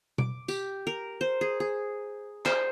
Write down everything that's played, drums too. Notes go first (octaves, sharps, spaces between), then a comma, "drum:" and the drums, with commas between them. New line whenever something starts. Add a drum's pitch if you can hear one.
D6, drum: tom B2
G4, drum: tambourine
A#4
C5
G#4
G#4
C5, drum: clap